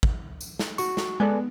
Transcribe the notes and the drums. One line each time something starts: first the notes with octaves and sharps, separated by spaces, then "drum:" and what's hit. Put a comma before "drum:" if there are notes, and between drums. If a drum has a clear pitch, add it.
drum: kick
drum: tambourine
drum: snare
F#4 C#6, drum: tambourine
drum: snare
G#3 B3 A4 D5 G#5